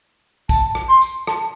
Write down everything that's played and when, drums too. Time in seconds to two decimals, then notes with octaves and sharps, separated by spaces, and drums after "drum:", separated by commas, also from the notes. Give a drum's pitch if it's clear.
0.49 A5, drum: kick, tambourine
0.75 drum: rim click
0.89 C6
1.01 drum: tambourine
1.27 A5, drum: rim click